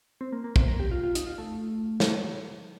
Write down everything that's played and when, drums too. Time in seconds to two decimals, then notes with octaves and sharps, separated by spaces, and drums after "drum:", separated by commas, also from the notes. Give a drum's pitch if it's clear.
0.21 C4
0.32 A#3
0.44 A#3
0.56 C4, drum: kick
0.68 A#4
0.79 G4
0.91 F4
1.04 F4
1.15 D#4, drum: hi-hat
1.27 F4
1.38 A3
2.00 drum: snare